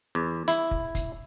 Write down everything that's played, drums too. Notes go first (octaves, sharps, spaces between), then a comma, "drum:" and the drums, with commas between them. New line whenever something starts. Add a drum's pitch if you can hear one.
E2
E4, drum: hi-hat
drum: kick
drum: kick, hi-hat